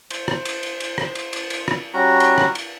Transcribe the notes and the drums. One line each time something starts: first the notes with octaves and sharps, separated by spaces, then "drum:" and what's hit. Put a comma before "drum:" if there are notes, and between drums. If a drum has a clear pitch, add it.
C5, drum: cymbal
drum: rim click
drum: cymbal
drum: cymbal
drum: cymbal
drum: rim click
drum: cymbal
drum: cymbal
drum: cymbal
drum: rim click
G3 C#4 F#4 A#5
drum: cymbal
drum: rim click
drum: cymbal